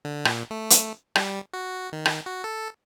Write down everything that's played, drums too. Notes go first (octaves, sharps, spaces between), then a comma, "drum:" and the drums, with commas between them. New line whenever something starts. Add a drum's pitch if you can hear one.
D3
A#2, drum: rim click
A3
drum: hi-hat
G3, drum: rim click
F#4
D#3
drum: rim click
F#4
A4